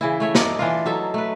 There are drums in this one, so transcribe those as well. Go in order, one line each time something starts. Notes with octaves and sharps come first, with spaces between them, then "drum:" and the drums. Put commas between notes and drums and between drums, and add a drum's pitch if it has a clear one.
C#3 E3 E4
A3 C#5 E5
D#4 D5, drum: snare
E3 D4 F4
F#3 D#4 A4 E5
A3 B4